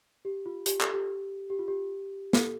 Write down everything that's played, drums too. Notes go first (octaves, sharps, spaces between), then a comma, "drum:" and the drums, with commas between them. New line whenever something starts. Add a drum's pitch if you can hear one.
G4
F4
G4, drum: hi-hat
A4, drum: clap
G4
G4
F4
G4
A4, drum: snare